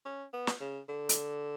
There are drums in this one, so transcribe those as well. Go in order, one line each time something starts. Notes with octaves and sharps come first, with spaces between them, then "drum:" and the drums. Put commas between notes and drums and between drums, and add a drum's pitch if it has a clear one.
C#4
B3
drum: snare
C#3
D3
drum: hi-hat